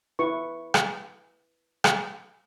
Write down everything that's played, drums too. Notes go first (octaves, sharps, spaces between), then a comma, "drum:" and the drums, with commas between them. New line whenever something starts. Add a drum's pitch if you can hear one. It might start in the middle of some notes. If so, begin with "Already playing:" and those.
E4 B4 C#6
drum: rim click
drum: rim click